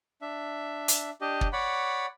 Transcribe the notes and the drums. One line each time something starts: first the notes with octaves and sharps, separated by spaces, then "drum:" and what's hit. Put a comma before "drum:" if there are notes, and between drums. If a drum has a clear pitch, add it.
D4 E5
drum: hi-hat
D4 G4 D#5
drum: kick
C#5 D5 F#5 B5